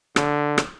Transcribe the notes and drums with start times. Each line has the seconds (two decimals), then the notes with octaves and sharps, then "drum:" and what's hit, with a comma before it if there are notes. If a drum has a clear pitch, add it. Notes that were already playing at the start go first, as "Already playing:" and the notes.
0.16 D3, drum: rim click
0.58 drum: rim click